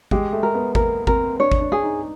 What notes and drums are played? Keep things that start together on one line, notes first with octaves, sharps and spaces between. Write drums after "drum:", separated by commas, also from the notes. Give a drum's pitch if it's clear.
G#3 G4, drum: kick G#1
A3
A#4
B3
A#3 A#4, drum: kick G#1
C4 A#4, drum: kick G#1
D4 C#5
drum: kick G#1
D4
G#4
D#4